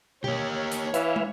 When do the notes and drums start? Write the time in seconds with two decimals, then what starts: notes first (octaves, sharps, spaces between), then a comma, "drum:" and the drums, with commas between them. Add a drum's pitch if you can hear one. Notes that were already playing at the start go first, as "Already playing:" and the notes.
0.24 A#3 G4 C#5, drum: tom B2
0.71 drum: hi-hat
0.94 E3 B4 E5 F5, drum: hi-hat
1.16 drum: tom